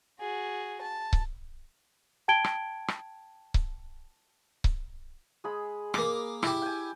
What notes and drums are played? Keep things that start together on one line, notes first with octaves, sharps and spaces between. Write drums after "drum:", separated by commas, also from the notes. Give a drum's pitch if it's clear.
F#4 G#4
A5
drum: kick C#1
G5 A5 G#6 D7 G7
drum: rim click
drum: rim click
drum: kick C#1
drum: kick C#1
G#3 G#4 B5
A#3 D6, drum: rim click
E4 G4, drum: rim click
G5 G#5